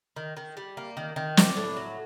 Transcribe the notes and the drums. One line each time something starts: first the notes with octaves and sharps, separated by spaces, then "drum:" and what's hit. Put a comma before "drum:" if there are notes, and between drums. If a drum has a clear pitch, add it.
D#3
D#3
G3
A#3
D#3
D#3
D4, drum: snare
A2
F#3